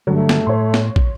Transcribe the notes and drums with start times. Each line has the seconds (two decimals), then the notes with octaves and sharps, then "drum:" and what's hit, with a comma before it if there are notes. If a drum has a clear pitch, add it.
0.07 G2 D3 F#3 A3
0.29 drum: snare
0.47 A2 C#5 C6
0.74 drum: snare
0.96 drum: kick